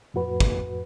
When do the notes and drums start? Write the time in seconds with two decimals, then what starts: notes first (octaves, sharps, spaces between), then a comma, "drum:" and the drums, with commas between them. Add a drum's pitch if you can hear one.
0.14 F2 A2 F#4 B4
0.40 drum: kick